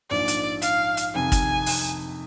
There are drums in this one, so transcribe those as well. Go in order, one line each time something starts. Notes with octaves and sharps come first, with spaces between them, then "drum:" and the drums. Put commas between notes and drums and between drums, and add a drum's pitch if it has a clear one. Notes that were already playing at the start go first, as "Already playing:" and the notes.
A#1 G#2 F3 D5
drum: hi-hat
F5, drum: hi-hat
drum: hi-hat
F2 C3 D#3 G#5
drum: kick, hi-hat
drum: open hi-hat